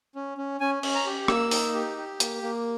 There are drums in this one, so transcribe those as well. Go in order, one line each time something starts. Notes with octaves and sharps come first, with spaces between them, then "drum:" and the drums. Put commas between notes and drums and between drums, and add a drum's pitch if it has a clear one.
C#4
C#4
C#4 G#5
C#4, drum: cymbal
A#5
G4
A#3 E6, drum: rim click
D#4, drum: open hi-hat
G4
G4
A#3, drum: hi-hat
A#3